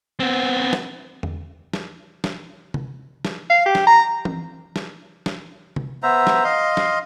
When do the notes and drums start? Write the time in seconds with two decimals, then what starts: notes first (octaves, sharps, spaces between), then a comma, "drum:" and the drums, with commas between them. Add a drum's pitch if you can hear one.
0.20 B3 C4
0.73 drum: snare
1.23 drum: tom E2
1.73 drum: snare
2.24 drum: snare
2.74 drum: tom C3
3.25 drum: snare
3.50 F5
3.66 G4
3.75 drum: snare
3.87 A#5
4.25 drum: tom E3
4.76 drum: snare
5.26 drum: snare
5.76 drum: tom C3
6.03 B3 C5 E5 A#5
6.27 drum: snare
6.44 D#5 F5 C6
6.77 drum: snare